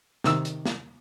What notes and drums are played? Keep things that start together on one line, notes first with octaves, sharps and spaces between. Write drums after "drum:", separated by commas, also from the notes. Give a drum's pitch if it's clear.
C3 D#3 E6, drum: snare
drum: hi-hat
drum: snare